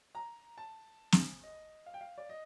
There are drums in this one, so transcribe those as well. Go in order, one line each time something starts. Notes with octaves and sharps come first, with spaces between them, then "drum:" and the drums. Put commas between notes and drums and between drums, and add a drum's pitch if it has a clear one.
A#5
A5
drum: snare
D#5
F5
G5
F5
D5
D#5